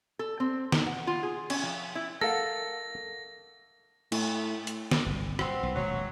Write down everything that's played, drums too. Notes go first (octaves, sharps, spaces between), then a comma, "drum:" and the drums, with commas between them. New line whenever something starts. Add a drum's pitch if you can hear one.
A4
C4
D#4, drum: snare
F#5
F4
G#4
C#4, drum: cymbal
F3
E4
A4 A#4 F5 F#5 A#6
A2, drum: cymbal
drum: hi-hat
drum: snare
G1 C2
B3 C4, drum: rim click
B1
D#1 C#2 B2 F#3